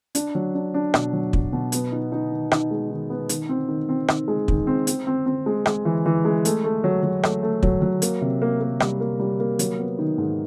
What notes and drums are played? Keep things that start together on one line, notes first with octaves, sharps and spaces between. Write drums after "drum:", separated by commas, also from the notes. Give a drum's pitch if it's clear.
D4, drum: hi-hat
F#3
D4
D4
B2, drum: rim click
F#3
F#3, drum: kick
B2
B3, drum: hi-hat
D#4
D#4
D#3
D#4, drum: rim click
G#3
D#3
B3
D#3, drum: hi-hat
C4
D#3
C4
D#3, drum: rim click
G#3
D#3, drum: kick
C4
C4, drum: hi-hat
C4
C4
G#3
G#3, drum: rim click
E3
E3
G#3
A3, drum: hi-hat
A3
F#3
F#3
A3, drum: rim click
A3
F#3, drum: kick
F#3
A#3, drum: hi-hat
C3
A#3
A#3
G3, drum: rim click
A#3
G3
A#3
F#3, drum: hi-hat
B3
D#3
G#2